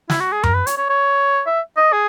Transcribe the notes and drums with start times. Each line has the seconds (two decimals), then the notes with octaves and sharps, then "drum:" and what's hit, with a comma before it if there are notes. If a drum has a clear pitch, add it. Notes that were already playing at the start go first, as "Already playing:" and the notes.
0.10 E4, drum: snare
0.20 F#4
0.32 G#4
0.43 A#4, drum: tom F#2
0.54 B4
0.67 C#5, drum: hi-hat
0.77 C#5
0.90 C#5
1.46 E5
1.77 D#5
1.92 G#4